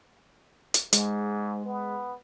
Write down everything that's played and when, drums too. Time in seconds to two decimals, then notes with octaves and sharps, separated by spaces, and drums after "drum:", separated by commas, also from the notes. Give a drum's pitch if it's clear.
0.74 drum: hi-hat
0.93 G#2 G#3, drum: hi-hat
1.65 B3